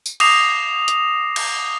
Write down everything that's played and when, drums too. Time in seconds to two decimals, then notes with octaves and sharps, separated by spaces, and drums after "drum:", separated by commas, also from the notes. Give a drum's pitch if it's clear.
0.06 drum: tambourine
0.20 D6 D#6 A#6 C7 F7, drum: cymbal
0.88 drum: hi-hat
1.36 drum: cymbal